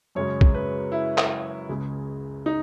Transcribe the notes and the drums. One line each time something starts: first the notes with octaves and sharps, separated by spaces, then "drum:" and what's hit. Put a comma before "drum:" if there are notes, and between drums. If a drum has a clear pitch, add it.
F#2 C#3 G#3 C#5
drum: kick A#1
B4
E4
drum: clap
C#2 C#3 G#3
D#4